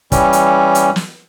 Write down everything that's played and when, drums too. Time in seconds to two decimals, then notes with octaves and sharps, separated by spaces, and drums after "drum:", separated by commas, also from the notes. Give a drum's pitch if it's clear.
0.12 E3 G3 C#4, drum: kick, hi-hat
0.33 drum: hi-hat
0.75 drum: hi-hat
0.96 drum: snare